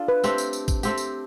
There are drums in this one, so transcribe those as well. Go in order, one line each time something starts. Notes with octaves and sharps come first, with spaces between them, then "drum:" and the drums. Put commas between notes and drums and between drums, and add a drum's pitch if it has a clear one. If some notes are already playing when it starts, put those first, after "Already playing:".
Already playing: D4 F4 A4
B4
A3 C4 G4, drum: tambourine
drum: tambourine
drum: tambourine
drum: kick A1, tambourine
A3 C4 G4, drum: tambourine
drum: tambourine